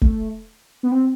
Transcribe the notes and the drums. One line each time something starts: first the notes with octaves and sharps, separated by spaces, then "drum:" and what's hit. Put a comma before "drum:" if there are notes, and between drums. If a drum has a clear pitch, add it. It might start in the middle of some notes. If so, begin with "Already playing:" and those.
A3, drum: kick G1
B3
C4